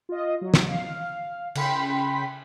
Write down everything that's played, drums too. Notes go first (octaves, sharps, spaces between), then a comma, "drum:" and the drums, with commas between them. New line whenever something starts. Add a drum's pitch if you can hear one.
F4 D#5
F#3
drum: snare
F5
C#3 G5 B5 C6 B6, drum: cymbal